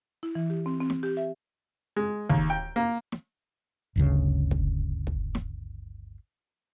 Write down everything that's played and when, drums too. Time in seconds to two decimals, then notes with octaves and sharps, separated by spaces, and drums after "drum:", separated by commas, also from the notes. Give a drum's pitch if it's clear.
0.23 E4
0.35 E3
0.50 G4
0.66 C4
0.80 C4
0.90 drum: snare
1.03 G4
1.17 E5
1.96 G#3
2.30 D#2, drum: kick
2.50 G5
2.76 A#3
3.12 drum: snare
3.96 G1 D2 C#3
4.51 drum: kick
5.07 drum: kick
5.35 drum: snare